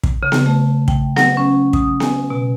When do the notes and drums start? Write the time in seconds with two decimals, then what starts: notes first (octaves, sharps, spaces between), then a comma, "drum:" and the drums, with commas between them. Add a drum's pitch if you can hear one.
0.04 drum: kick
0.23 C#3
0.32 drum: snare B3
0.46 A3
0.88 G5, drum: kick
1.16 F#3, drum: snare B3
1.37 C#4
1.73 D#6, drum: kick
2.00 G#5, drum: snare B3
2.30 B2